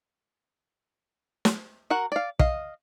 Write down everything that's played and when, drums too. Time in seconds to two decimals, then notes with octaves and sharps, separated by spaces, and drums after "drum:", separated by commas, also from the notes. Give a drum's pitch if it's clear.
1.45 drum: snare
1.90 F#4 A#4 F#5
2.12 D5 F5
2.39 D#5 F5, drum: kick